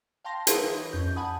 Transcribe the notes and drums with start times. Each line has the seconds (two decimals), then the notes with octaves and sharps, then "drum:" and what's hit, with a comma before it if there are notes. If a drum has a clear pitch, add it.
0.24 F5 G5 A5 C6 A#6
0.47 D#4 E4 G#4 A#4 B4 C#5, drum: hi-hat
0.64 E3
0.76 E3
0.93 F2 C#4 G6
1.16 F#5 G#5 A5 B5 D#6